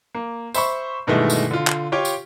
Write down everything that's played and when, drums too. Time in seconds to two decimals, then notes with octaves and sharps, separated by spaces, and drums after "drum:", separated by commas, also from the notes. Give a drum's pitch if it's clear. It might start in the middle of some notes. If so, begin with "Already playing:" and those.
0.15 A#3
0.54 C5 E5 B5 C#6, drum: tambourine
1.07 G2 B2 D#3 E3 G#3 A3
1.30 drum: tambourine
1.51 D3 F4
1.67 drum: clap
1.92 F4 G4 C#5 G5
2.05 drum: tambourine